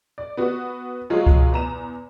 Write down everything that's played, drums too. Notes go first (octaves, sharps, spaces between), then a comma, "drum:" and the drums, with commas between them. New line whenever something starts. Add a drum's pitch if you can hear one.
D5
B3 F#4
F3 F#3 G#3 F4
drum: kick C#2
E2 A#5 E7